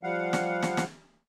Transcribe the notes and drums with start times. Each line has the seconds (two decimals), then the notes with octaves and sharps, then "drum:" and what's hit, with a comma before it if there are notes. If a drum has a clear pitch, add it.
0.03 F3 G3 F5 F#5
0.33 drum: snare
0.62 drum: snare
0.77 drum: snare